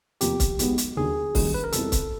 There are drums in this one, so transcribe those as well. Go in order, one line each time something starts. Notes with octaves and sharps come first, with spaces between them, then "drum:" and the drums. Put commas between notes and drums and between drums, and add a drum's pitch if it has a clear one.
E2 C3 F3 A#3 G4, drum: hi-hat
drum: kick C#1, hi-hat
B1 B2 G#3 B3, drum: hi-hat
drum: hi-hat
D#2 D3 F#3 G#4
F#2 D#3 G3 A#3, drum: kick C#1, open hi-hat
B4
A#4
E2 B2 G3 C4 E4 A4, drum: hi-hat
drum: kick C#1, hi-hat